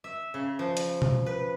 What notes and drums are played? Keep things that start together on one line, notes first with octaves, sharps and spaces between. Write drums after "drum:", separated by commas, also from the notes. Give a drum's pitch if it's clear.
E5
C#3
F3
drum: hi-hat
drum: tom B2
B4